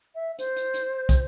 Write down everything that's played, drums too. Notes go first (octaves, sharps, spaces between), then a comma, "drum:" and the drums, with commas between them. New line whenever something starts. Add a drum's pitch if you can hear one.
E5
C5, drum: hi-hat
drum: hi-hat
drum: hi-hat
drum: kick, hi-hat